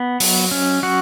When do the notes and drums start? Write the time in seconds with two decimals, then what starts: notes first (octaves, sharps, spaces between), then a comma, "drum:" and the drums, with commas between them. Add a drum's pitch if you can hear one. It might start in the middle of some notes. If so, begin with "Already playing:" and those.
Already playing: B3
0.20 F#3, drum: open hi-hat
0.51 C#4
0.83 F#3 F#4